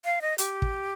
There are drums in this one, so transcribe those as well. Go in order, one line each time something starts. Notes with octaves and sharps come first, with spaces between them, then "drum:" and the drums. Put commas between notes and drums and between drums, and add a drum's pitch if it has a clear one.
F5
D#5
G4, drum: hi-hat
drum: kick